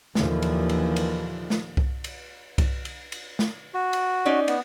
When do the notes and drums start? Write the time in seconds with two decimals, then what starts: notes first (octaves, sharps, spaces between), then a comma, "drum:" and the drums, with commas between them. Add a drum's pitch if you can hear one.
0.15 D#2 A#2 D3 E3 F3, drum: snare A3
0.42 drum: cymbal
0.69 drum: cymbal
0.96 drum: cymbal
1.50 drum: snare A3
1.77 drum: kick C2
2.04 drum: cymbal
2.58 drum: kick C2, cymbal
2.85 drum: cymbal
3.12 drum: cymbal
3.39 drum: snare A3
3.74 F#4
3.93 drum: cymbal
4.25 C#4 D#4 D5
4.48 B3, drum: cymbal